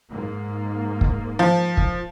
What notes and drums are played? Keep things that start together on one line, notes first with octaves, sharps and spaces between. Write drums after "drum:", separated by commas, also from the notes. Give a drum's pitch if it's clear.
G#2 A#3
drum: kick
F3
drum: kick